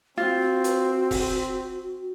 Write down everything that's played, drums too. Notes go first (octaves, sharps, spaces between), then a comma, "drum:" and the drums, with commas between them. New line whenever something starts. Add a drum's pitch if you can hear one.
C4 F4 F#4
drum: hi-hat
drum: kick E1, open hi-hat